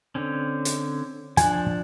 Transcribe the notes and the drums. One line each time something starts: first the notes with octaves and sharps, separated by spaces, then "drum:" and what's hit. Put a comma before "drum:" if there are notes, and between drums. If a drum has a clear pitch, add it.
D3 C4 C#4
drum: hi-hat
F3 D4 G#5, drum: hi-hat